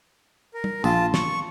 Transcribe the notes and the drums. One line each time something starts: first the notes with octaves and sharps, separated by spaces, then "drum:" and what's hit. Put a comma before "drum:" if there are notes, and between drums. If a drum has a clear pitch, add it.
A#4
drum: tom
A#1 F4 A5, drum: tambourine
C#6, drum: snare